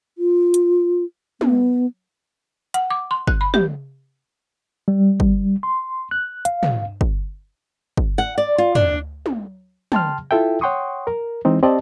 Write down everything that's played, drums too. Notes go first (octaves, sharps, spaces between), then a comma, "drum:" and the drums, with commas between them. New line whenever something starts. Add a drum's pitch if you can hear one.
F4
drum: hi-hat
B3, drum: tom
F#5, drum: hi-hat
D6
C6
F#6, drum: kick
B5
G4, drum: tom
G3
drum: kick
C6
F#6
F5, drum: hi-hat
drum: tom
drum: kick
drum: kick
F#5
D5
F4
D4, drum: tom
drum: tom
G5 A5 C6 F6, drum: tom
E4 F4 A4 E5 G5
C#5 F#5 G5 C6 C#6 D#6
A#4
E3 G#3 C4 D#4
C4 G4 D5 D#5 A5